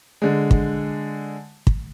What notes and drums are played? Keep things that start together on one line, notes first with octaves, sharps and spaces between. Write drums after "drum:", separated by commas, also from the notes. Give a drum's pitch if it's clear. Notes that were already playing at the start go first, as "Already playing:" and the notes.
D3 G#3
drum: kick
drum: kick